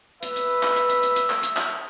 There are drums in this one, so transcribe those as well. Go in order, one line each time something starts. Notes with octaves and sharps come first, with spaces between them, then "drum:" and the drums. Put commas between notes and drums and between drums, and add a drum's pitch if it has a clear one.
B4 E5, drum: hi-hat
drum: hi-hat
drum: clap
drum: hi-hat
drum: hi-hat
drum: hi-hat
drum: hi-hat
drum: clap
drum: hi-hat
drum: clap